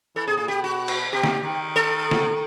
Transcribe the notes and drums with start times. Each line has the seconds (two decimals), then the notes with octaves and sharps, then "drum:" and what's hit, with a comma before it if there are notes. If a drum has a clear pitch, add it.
0.16 E3 A4
0.27 C3 G#4
0.37 A#2 G#4
0.48 B2 G4
0.64 F#4
0.88 drum: cymbal
1.12 C3 G4
1.23 D#3, drum: snare
1.44 D#3
1.76 A4
2.11 drum: snare